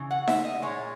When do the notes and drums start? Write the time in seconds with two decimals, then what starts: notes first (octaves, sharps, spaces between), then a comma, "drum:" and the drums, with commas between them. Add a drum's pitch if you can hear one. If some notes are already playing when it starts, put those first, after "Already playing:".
Already playing: C#3 E3
0.11 F#5
0.28 E5, drum: snare D#4
0.45 D#5
0.62 A#2 G#3 C#5